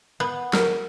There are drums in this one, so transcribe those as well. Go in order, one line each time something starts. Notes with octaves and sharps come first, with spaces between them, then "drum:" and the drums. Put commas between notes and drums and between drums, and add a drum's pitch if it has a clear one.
B3
A#4, drum: snare